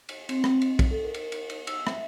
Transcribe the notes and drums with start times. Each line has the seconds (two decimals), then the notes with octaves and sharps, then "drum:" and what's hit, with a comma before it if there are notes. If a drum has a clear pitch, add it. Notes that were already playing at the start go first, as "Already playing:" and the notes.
0.09 drum: cymbal
0.29 C4, drum: cymbal
0.44 drum: rim click
0.62 drum: cymbal
0.79 drum: kick, cymbal
0.91 A4
1.05 A#4
1.14 drum: cymbal
1.32 drum: cymbal
1.50 drum: cymbal
1.67 E6, drum: cymbal
1.87 E5, drum: rim click